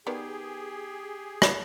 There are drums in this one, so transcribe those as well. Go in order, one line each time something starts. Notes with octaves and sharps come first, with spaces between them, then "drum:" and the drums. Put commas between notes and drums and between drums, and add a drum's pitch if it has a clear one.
D#3 B3 G4 G#4 D5
drum: rim click